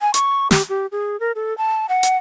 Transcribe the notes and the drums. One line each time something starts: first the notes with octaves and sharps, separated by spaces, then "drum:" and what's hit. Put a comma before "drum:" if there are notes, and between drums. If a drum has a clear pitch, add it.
G#5
C#6, drum: hi-hat
G4, drum: snare
G4
G#4
A#4
A4
A5
F#5
drum: hi-hat